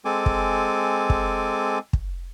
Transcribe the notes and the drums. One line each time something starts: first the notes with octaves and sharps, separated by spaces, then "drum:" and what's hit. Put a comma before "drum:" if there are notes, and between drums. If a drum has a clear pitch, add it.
G#3 C4 A4 G#5 D6
drum: kick
drum: kick
drum: kick